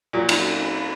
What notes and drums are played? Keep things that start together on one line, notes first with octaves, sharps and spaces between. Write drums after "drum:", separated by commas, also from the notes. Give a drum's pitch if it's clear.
A#2 F#3
drum: cymbal